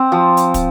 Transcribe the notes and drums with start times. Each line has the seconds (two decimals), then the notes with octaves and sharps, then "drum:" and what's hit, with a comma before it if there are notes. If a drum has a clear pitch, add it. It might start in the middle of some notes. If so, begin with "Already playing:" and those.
Already playing: C4
0.12 F3
0.37 drum: hi-hat
0.54 drum: kick, hi-hat